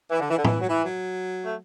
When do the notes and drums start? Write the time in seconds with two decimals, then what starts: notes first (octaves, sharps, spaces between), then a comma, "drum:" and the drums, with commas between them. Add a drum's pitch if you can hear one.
0.10 E3
0.20 D3
0.30 E3
0.37 D3
0.44 E3, drum: tom
0.59 F#3
0.68 E3
0.82 F#3
1.44 A3